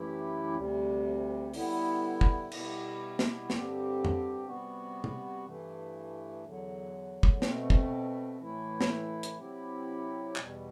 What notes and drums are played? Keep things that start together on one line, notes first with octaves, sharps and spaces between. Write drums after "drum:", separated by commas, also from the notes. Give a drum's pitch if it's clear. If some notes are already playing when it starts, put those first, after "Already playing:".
Already playing: F#2 E3 A3 E4 G4
D2 C3 G3
D3 G3 B3 E4, drum: open hi-hat
drum: kick
B2 G3 B3 E4 G4, drum: cymbal
drum: snare
G2 D3 G3 C4 G4, drum: snare
drum: tom
C3 G3 B3 F#4
drum: tom
G2 E3 A3
E2 D3 F#3
drum: kick
B2 A3 C4, drum: snare
drum: kick
A2 E3 A3 E4
drum: snare
drum: hi-hat
C3 F#3 C4 E4 G4
E2 B2 G3, drum: clap